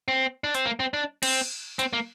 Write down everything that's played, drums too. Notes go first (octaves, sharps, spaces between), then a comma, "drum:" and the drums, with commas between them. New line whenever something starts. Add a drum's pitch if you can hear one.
C4
D4
C4, drum: hi-hat
A#3
C4
D4
C4, drum: cymbal
C4, drum: hi-hat
A#3